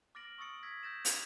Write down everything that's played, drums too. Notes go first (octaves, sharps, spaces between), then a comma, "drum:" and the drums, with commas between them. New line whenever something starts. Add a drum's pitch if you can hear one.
D6 F6 A6 A#6 D7 F#7
C#6 D#6 E6 A6 C#7 D7
E6 G#6 A#6 B6
E6 G6 A6 A#6 E7
D6, drum: hi-hat